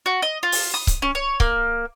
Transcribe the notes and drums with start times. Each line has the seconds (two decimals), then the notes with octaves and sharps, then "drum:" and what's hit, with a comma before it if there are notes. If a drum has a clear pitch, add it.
0.06 F#4
0.22 D#5
0.43 F4
0.52 drum: open hi-hat
0.74 D#6
0.87 drum: kick C#1, hi-hat
1.02 C#4
1.15 C#5
1.40 A#3, drum: kick C#1